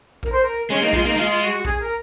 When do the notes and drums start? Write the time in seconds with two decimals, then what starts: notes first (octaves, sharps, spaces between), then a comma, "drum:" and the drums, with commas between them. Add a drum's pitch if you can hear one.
0.23 A#4, drum: kick A#1
0.32 C5
0.42 A#4
0.70 G#3 C#4
0.81 A#3 D#4
0.93 G#3 F4, drum: kick A#1
1.05 A#3 D#4
1.17 G#3 F4
1.30 F4
1.41 F#4
1.65 G#4, drum: kick A#1
1.80 A#4